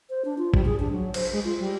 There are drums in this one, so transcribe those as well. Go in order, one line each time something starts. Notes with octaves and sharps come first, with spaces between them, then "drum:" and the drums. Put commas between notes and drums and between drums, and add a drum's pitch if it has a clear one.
C5
D4
F4
G3, drum: kick A1
G#4
D4
F#3
C5, drum: cymbal
G#3
F4
G3